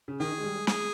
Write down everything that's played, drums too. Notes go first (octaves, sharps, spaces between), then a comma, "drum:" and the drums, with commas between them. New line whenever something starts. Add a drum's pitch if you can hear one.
C#3
D#3 G#4
D#3
G#3
G3
G#3
G#4, drum: snare